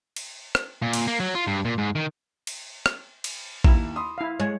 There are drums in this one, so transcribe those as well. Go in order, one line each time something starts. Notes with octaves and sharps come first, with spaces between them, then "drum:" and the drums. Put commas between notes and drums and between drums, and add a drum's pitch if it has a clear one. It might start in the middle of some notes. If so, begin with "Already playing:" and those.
drum: cymbal
drum: rim click
A#2
drum: cymbal
A#3
F#3
F4
G2
A#2
G#2
D#3
drum: cymbal
drum: rim click
drum: cymbal
D#2 E4 A#5 E7, drum: kick
B5 C6 D#6
E4 F5
G#3 C#5